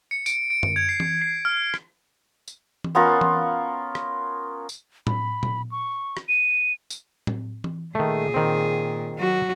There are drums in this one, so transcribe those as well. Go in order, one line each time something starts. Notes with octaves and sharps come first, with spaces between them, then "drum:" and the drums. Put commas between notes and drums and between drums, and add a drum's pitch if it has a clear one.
C#7
D7, drum: tambourine
D7
drum: tom
G#6
C7
drum: tom E3
C7
F6
drum: rim click
drum: tambourine
drum: tom E3
B3 C#4 F4 A#4
drum: tom E3
drum: rim click
drum: tambourine
B5, drum: tom A2
drum: tom A#2
C#6
drum: rim click
D#7
drum: tambourine
drum: tom A2
drum: tom E3
A#2 D#3 A3 G#4
D#3 C4
F#3 F#4